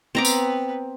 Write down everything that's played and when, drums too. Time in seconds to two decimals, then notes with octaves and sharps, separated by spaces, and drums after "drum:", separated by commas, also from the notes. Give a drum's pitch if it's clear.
0.15 B3 C4 B4 A#5 D6
0.25 drum: tambourine